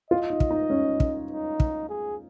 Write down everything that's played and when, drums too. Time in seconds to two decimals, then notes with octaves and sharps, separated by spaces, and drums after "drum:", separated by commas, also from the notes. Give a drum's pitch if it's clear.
0.10 F4 D#5
0.30 D#4
0.40 drum: kick
0.51 D#4
0.70 C#4
1.00 drum: kick
1.30 D#4
1.60 drum: kick
1.89 G#4